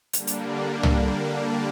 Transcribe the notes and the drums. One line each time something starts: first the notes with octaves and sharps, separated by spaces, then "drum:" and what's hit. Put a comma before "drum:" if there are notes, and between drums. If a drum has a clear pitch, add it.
D3 G3 A#3 D4, drum: hi-hat
drum: hi-hat
drum: tom